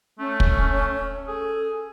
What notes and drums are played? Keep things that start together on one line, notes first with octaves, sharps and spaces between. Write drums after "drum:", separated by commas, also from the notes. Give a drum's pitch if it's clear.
A3 C#4
drum: kick
G#4 A4